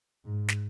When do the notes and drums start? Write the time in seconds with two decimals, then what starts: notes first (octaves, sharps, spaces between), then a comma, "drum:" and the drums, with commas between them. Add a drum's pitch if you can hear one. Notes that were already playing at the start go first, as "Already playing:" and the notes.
0.25 G#2
0.48 drum: snare